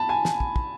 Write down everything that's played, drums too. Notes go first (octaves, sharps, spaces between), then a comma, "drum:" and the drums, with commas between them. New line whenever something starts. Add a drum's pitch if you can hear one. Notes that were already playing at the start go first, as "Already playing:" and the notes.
Already playing: A5 B5
G#5
drum: snare
drum: kick
drum: kick